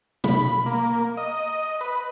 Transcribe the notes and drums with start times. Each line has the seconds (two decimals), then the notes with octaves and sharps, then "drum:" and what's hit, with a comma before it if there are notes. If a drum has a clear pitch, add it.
0.24 B5, drum: tom
0.66 A#3
1.17 D#5
1.81 B4